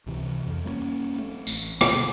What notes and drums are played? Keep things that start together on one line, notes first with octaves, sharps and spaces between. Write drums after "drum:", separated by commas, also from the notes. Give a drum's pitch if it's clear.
C#2 C3 E3
F2
G3 A#3 B3 C#4
A3 C4
A1, drum: tambourine
D2 B2 A#3, drum: rim click